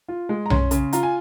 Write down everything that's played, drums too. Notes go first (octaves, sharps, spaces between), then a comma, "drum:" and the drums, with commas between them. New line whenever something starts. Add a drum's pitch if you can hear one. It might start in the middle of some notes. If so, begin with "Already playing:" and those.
F4
G#3
A#5
C#4 C6, drum: tom B1
C#3, drum: hi-hat
F4 A#5, drum: hi-hat
G#5